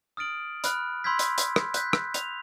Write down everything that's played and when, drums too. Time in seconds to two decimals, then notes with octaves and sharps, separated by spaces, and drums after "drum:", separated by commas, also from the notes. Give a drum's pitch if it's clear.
0.17 D#6 F6 A6 D7 F#7
0.64 B5 F6 F#6, drum: hi-hat
1.04 B5 C6 E6 G6 G#6 B6
1.19 drum: hi-hat
1.38 drum: hi-hat
1.56 drum: rim click
1.74 F#6 G6 B6, drum: hi-hat
1.93 drum: rim click
2.14 F7, drum: hi-hat